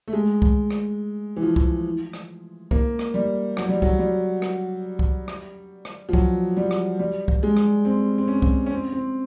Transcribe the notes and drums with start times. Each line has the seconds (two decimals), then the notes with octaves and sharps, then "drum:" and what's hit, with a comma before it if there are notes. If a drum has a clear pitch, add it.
0.08 A3
0.13 G#3
0.42 drum: kick C2
0.71 drum: rim click
1.36 E3
1.42 F3
1.56 drum: kick C2
2.13 drum: rim click
2.71 A#3, drum: kick C2
2.99 drum: rim click
3.14 G3
3.57 F#3, drum: rim click
3.69 G3
3.82 F#3, drum: kick C2
3.99 G3
4.42 drum: rim click
4.99 drum: kick C2
5.28 drum: rim click
5.85 drum: rim click
6.09 F3
6.13 F#3, drum: kick C2
6.57 G3
6.71 drum: rim click
6.99 G3
7.28 drum: kick C2
7.43 G#3
7.57 drum: rim click
7.85 C4
8.18 C4
8.28 C#4
8.42 drum: kick C2
8.66 C#4
8.70 C4
8.92 C4